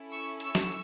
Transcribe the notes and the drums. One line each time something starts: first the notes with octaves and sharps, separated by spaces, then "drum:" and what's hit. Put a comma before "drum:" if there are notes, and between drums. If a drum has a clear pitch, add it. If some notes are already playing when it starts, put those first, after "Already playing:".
Already playing: C#4 E4 A4
C#6 E6
C#6 E6, drum: hi-hat
drum: snare